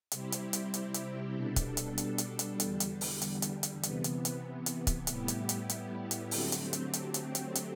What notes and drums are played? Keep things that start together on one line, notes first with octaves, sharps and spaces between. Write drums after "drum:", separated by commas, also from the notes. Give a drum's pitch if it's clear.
C3 G3 C4 E4 G4, drum: hi-hat
drum: hi-hat
drum: hi-hat
drum: hi-hat
drum: hi-hat
B2 G3 D4 A4
drum: kick, hi-hat
drum: hi-hat
drum: hi-hat
drum: hi-hat
drum: hi-hat
E2 D3 G3, drum: hi-hat
drum: hi-hat
drum: open hi-hat
drum: hi-hat
drum: hi-hat
drum: hi-hat
C3 E3 B3, drum: hi-hat
drum: hi-hat
drum: hi-hat
drum: hi-hat
drum: kick, hi-hat
A2 G3 B3 E4 G4, drum: hi-hat
drum: hi-hat
drum: hi-hat
drum: hi-hat
drum: hi-hat
D3 F#3 A3 C4 G4, drum: open hi-hat
drum: hi-hat
drum: hi-hat
drum: hi-hat
drum: hi-hat
drum: hi-hat
drum: hi-hat